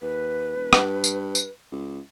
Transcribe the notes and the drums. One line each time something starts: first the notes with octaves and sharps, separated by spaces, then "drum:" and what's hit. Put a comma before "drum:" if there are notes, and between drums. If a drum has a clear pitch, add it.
D#2 B4
E1
G2, drum: rim click
drum: tambourine
drum: tambourine
C#2